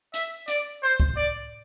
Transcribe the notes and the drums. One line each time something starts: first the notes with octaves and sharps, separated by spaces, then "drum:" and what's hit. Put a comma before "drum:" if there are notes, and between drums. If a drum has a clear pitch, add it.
E5, drum: hi-hat
D5, drum: hi-hat
C5
drum: kick C#2
D5